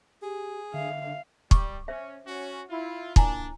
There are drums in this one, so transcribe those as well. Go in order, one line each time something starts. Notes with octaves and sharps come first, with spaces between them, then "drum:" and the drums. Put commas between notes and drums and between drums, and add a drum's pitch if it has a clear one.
G4 G#4
D3 E5 F5
G3 C#6 D6, drum: kick
C#4 C5 E5
C#4 F#4
E4 F4
A#2 D4 E4 G#5 A#5, drum: kick